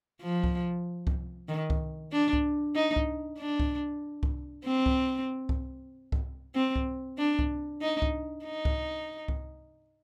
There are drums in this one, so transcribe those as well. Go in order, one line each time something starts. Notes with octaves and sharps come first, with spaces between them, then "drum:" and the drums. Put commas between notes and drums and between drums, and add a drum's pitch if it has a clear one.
F3
drum: kick C2
drum: kick C2
D#3
drum: kick C2
D4
drum: kick C2
D#4
drum: kick C2
D4
drum: kick C2
drum: kick C2
C4
drum: kick C2
drum: kick C2
drum: kick C2
C4
drum: kick C2
D4
drum: kick C2
D#4
drum: kick C2
D#4
drum: kick C2
drum: kick C2